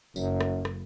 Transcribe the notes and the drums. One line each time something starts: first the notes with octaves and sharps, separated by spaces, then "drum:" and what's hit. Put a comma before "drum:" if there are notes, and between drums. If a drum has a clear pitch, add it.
F#1 F#2, drum: tambourine
drum: rim click
drum: rim click